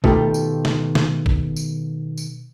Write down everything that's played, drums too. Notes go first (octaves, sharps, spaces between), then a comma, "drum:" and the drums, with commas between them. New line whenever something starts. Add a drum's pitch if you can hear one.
B2 D#3 A3 F4 G4, drum: kick
drum: tambourine
drum: snare
drum: snare
drum: kick
drum: tambourine
drum: tambourine